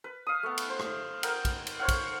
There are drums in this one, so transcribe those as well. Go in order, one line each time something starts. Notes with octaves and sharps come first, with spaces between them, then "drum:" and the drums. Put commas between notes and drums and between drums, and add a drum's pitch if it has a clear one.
B4
F5 D#6
A3 B3
drum: cymbal
C5
drum: rim click
A#4 F#5 G5, drum: cymbal
drum: kick, cymbal
drum: cymbal
C5 C#5 F5 F#5
drum: kick, cymbal